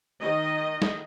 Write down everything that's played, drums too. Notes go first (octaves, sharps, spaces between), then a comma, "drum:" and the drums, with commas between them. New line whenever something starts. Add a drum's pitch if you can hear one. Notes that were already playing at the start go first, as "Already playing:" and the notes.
D#3 D#5
drum: snare